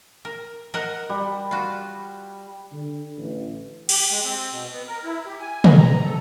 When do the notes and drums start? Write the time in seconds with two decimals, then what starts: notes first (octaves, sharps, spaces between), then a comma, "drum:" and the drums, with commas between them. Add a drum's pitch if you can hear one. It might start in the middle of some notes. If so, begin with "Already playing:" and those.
0.25 A#4
0.74 A#4 D#5 F#5
1.10 G3
1.51 F4 F#4
2.72 D3
3.18 A1
3.89 G4, drum: cymbal
4.11 G#3
4.24 C4
4.52 B2
4.72 B3
4.88 A#4
5.04 E4
5.26 G4
5.40 G#5
5.64 D#5, drum: tom
5.78 A#5
6.04 A4